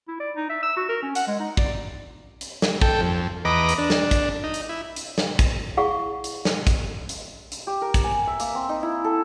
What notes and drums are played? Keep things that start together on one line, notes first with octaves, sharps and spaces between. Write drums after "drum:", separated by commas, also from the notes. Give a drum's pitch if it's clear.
E4
D5
D#4
E5
E6
F#4
A#4
C#4
F#5, drum: hi-hat
G#3
D#4
D5, drum: kick
drum: hi-hat
drum: snare
A4 G5, drum: kick
F2
E2 B4 D#5 A#5 D6
drum: hi-hat
D4
drum: snare
drum: kick, hi-hat
D#4
drum: hi-hat
E4
drum: hi-hat
drum: snare
drum: kick, hi-hat
E4 G#4 F5 F#5 C#6
drum: hi-hat
drum: snare
drum: kick, hi-hat
drum: hi-hat
drum: hi-hat
G4
A#4
drum: kick, hi-hat
G#5
E5
A#3, drum: hi-hat
C4
D#4
E4
A4